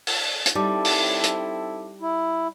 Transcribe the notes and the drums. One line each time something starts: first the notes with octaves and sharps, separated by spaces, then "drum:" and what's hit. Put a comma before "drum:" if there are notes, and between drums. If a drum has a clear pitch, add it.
drum: open hi-hat
drum: hi-hat
G3 C4 D#4 E4 A4 A5 D6
drum: open hi-hat
drum: hi-hat
E4